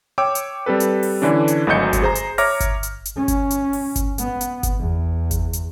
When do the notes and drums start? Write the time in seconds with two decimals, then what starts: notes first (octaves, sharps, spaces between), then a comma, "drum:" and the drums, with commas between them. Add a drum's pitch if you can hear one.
0.18 C#5 G5 D6 E6
0.35 drum: hi-hat
0.66 G3 C4 A4 B4
0.80 drum: hi-hat
1.03 drum: open hi-hat
1.22 D3 E3 C#4 D4
1.48 drum: hi-hat
1.67 G#1 D2 F#3 D#5 G6 C#7
1.93 drum: kick G1, hi-hat
2.02 G#4 C5 A#5
2.15 drum: hi-hat
2.38 C#5 E5 A#5 D6 F6 A#6, drum: open hi-hat
2.60 drum: kick G1, hi-hat
2.83 drum: hi-hat
3.05 drum: hi-hat
3.16 C#4
3.28 drum: kick G1, hi-hat
3.51 drum: hi-hat
3.73 drum: open hi-hat
3.96 drum: kick G1, hi-hat
4.18 B3, drum: hi-hat
4.41 drum: hi-hat
4.63 drum: kick G1, hi-hat
4.78 E2
5.31 drum: kick G1, hi-hat
5.53 drum: hi-hat